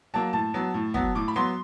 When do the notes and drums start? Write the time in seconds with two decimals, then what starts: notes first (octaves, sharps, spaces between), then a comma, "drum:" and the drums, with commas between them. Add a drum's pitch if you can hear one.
0.14 F#3 A#3 A5
0.33 A2 A5
0.54 F#3 B3
0.74 A2
0.94 F#3 B3, drum: kick
1.15 A2 D6
1.28 B5
1.36 F#3 B3 C6